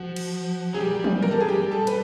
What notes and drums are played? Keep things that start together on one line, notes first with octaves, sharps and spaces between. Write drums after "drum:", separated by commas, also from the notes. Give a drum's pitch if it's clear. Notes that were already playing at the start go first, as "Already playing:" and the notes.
Already playing: F3 F#4
drum: cymbal
F#3 G#4
G3 G4
drum: tom
A#4
A4
G#4
G4
A4
B4, drum: cymbal